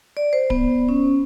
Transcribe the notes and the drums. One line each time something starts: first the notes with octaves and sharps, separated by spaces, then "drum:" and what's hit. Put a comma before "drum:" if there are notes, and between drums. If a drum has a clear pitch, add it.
D5
C5
B3, drum: kick D1
C#4